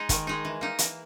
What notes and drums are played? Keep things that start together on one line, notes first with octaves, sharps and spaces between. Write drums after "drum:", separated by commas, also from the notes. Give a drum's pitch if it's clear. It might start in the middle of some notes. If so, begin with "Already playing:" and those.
Already playing: G#3 D#4
D#3, drum: kick, hi-hat
G#3 D#4
E3
A#3 D#4
E3, drum: hi-hat